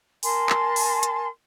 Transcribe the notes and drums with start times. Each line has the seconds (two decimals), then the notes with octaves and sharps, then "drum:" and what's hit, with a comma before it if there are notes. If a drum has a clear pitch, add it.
0.23 A#4 G#5 A5 C6, drum: open hi-hat
0.49 drum: clap
0.76 drum: open hi-hat
1.03 drum: hi-hat